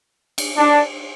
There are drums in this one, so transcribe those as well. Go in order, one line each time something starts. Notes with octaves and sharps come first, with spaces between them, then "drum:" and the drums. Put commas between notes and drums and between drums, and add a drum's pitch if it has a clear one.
drum: cymbal
D4